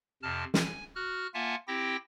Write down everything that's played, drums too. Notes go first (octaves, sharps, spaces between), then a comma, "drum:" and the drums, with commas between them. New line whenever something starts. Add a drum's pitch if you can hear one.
F2 C3 A5 F6
G#5, drum: snare
F#4 F6 F#6
A#3 F4 E5 F#5 G#5 A5
C4 E4 G4 G5 A#6